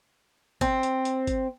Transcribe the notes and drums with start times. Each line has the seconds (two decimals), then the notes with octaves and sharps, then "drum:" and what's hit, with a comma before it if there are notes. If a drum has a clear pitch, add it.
0.61 C4, drum: kick G#1, hi-hat
0.83 drum: hi-hat
1.05 drum: hi-hat
1.27 drum: kick G#1, hi-hat